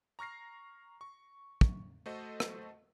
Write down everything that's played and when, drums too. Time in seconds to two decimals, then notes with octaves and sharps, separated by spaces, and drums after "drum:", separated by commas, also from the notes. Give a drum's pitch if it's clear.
0.19 A#5 C#6 F6 A#6 C7
1.01 C#6
1.61 drum: kick
2.06 A3 F#4 A4 C5 D#5
2.40 drum: rim click